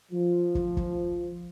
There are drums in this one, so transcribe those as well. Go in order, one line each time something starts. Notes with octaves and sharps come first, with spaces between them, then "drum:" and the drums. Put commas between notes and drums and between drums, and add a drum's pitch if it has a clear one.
F3
drum: kick
drum: kick